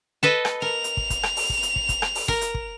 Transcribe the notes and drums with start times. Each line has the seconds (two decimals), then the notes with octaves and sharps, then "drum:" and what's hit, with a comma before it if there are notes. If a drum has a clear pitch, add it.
0.23 A4 B4 D#5
0.45 drum: rim click
0.62 A#4 F7
0.84 drum: hi-hat
0.97 drum: kick
1.10 drum: kick, hi-hat
1.23 drum: rim click
1.36 drum: open hi-hat
1.50 drum: kick
1.63 drum: hi-hat
1.76 drum: kick
1.89 drum: kick, hi-hat
2.02 drum: rim click
2.15 drum: open hi-hat
2.28 A#4, drum: kick
2.41 drum: hi-hat
2.54 drum: kick